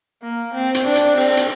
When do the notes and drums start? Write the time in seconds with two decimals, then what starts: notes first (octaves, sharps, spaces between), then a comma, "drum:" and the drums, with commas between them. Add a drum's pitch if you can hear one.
0.22 A#3
0.54 C4
0.74 drum: hi-hat
0.85 D4
0.95 drum: hi-hat
1.17 C4, drum: open hi-hat
1.37 drum: hi-hat